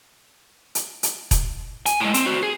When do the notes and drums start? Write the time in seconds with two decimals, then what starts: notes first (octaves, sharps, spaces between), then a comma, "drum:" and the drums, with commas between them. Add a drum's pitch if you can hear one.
0.75 drum: hi-hat
1.03 drum: hi-hat
1.31 drum: kick E1, hi-hat
1.86 G#5, drum: hi-hat
2.01 A2 G#3
2.14 C4, drum: hi-hat
2.26 F#4 C5
2.43 G#4